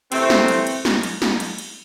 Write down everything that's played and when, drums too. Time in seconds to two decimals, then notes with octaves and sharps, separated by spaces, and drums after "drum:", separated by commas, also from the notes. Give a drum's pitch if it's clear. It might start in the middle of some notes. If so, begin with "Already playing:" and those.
0.12 C3 E3 A3 C4, drum: cymbal
0.30 drum: snare
0.48 drum: cymbal
0.67 drum: cymbal
0.85 drum: snare
1.03 drum: cymbal
1.22 drum: snare
1.40 drum: cymbal
1.58 drum: cymbal